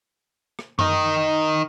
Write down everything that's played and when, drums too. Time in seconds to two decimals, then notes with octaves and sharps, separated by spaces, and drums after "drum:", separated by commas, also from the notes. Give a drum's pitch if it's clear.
0.59 drum: rim click
0.79 D#3 D#4, drum: tom F#2